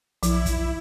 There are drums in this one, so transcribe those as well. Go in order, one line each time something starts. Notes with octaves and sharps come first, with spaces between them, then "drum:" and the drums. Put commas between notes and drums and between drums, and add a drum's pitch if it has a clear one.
B1 F3 E4, drum: hi-hat
drum: kick, hi-hat